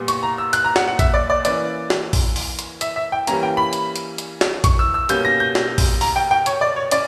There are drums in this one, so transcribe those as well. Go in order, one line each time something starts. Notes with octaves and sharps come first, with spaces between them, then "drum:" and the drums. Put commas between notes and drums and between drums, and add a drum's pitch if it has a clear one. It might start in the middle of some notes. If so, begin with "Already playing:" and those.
Already playing: A#2 G3 B3
C#6, drum: hi-hat
A#5
E6
F#6, drum: hi-hat
A#5
F#5, drum: snare
F#5
E5, drum: kick, hi-hat
D5
D5
E3 A#3 C#4 D5, drum: hi-hat
drum: snare
drum: kick, open hi-hat
drum: open hi-hat
drum: hi-hat
E5, drum: hi-hat
E5
G5
E3 G3 A#3 C#4 A#5, drum: hi-hat
G5
B5
drum: hi-hat
drum: hi-hat
drum: hi-hat
drum: snare
C#6, drum: kick, hi-hat
E6
E6
B2 G3 A#3 C#4 G6, drum: hi-hat
A#6
G6
drum: snare
drum: kick, open hi-hat
A#5, drum: open hi-hat
G5
G5
C#5, drum: hi-hat
D5
C#5
C#4 D5, drum: hi-hat